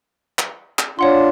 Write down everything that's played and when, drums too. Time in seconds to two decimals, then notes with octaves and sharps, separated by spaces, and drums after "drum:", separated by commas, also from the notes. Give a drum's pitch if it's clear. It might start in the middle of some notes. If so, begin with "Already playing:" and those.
0.39 drum: clap
0.79 drum: clap
0.99 D4 F4 C#5 F#5 C6